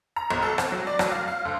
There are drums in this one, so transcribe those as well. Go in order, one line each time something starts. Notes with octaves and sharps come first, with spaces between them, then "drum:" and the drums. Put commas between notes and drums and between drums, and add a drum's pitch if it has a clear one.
A#5
B1
A4
C4, drum: rim click
F#3
D5
F#3, drum: rim click
F5
F5
D2